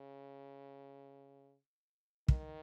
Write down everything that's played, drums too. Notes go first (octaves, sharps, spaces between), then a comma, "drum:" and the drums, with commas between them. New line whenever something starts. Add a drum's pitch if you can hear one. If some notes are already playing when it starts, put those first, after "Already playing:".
Already playing: C#3
D#3, drum: kick